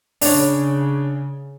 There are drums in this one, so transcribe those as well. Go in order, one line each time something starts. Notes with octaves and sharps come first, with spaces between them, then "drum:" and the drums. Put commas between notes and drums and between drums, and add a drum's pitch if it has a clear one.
C#3 D4 C#5, drum: open hi-hat